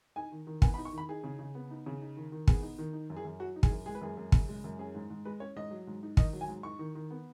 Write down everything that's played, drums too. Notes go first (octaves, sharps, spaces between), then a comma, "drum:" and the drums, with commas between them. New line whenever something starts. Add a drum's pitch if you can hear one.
D#4 G#5
D#3
D#3
B3 G#5, drum: kick
B5
D#4
C#6
D#3 B5
D#4 G#4
C#3
C#3
B3
D#4
C#3
D#4
D#3
D#3
B3 G#4, drum: kick
D#4
D#3
D#4
F#2
G#4
F#2
F#3 F#4
D#4
G#4, drum: kick
F#2
G#3 G#4
B4
F#2 G#4
F#2
C#3, drum: kick
G#3
F#2
C#4 G#4
G#2
G#2
G#3 B4
C#4 C#5
G#2 D#5
F#3
G#2
D#4
D#3 D#5, drum: kick
F#3
G#5
G#2
D#4 C#6
D#3
D#3
B3